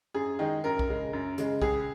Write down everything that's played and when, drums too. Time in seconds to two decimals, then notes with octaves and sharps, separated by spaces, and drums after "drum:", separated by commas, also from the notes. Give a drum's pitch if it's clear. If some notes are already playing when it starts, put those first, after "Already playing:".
0.14 F#2 G#4
0.39 D#3 G#3 D#4
0.64 F#2 A#4
0.79 drum: kick C2
0.89 C#3 G#3
1.13 F#2
1.38 C#3 G#3, drum: hi-hat
1.62 C#2 G#4, drum: kick C2